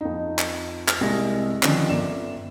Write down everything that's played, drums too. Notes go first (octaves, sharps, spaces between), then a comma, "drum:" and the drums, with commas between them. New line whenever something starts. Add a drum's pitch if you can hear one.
F2 D#4
drum: clap
drum: clap
C2 C3 G#3 D#5 A#6
D3 D#3 F3 C4 C#4, drum: clap
G1 D5 E7